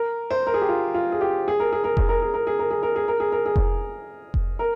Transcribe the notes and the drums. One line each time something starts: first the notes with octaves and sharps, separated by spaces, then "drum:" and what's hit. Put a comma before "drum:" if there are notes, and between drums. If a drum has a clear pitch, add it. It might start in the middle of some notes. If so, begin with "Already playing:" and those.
Already playing: A#4
C5
A#4
G#4
G4
F4
F4
G#4
G4
G#4
A#4
G#4
A#4
G#4, drum: kick F1
A#4
G#4
A#4
G#4
A#4
G#4
A#4
G#4
A#4
G#4
A#4
G#4
drum: kick F1
drum: kick F1
A#4